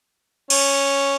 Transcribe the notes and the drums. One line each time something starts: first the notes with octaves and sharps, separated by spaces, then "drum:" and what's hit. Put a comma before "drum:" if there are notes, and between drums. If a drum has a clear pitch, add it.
C#4, drum: cymbal